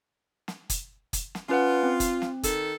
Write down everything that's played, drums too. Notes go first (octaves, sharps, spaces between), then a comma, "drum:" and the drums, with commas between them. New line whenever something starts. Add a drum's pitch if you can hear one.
drum: snare
drum: kick, hi-hat
drum: kick, hi-hat
drum: snare
C#4 F4 B4 F#5
C4
drum: kick, hi-hat
drum: snare
D#3 A4, drum: kick, hi-hat